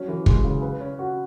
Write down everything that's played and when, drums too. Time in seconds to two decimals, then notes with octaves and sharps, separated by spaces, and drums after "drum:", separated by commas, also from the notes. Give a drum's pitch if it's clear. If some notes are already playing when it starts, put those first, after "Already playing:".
Already playing: F#3 C#4
0.08 E3
0.26 G#3, drum: kick
0.44 C#3
0.62 B4
0.80 C#4
0.99 F#4